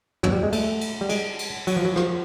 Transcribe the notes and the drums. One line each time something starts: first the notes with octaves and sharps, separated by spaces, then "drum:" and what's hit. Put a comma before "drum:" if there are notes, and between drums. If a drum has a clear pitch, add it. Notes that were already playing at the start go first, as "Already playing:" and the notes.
F#3, drum: tom
G3
G#3
A3, drum: cymbal
drum: cymbal
G3
G#3, drum: cymbal
drum: cymbal
F#3, drum: cymbal
F3
F#3
F3, drum: rim click